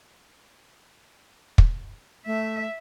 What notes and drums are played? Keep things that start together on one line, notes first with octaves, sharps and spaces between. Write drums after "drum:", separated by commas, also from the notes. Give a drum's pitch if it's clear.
drum: kick
A3 E5